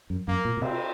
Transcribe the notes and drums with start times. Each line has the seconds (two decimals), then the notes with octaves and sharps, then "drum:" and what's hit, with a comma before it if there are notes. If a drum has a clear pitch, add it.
0.10 F#2
0.28 F#2 A#3
0.45 A#2
0.57 A#2
0.62 C3 C4, drum: cymbal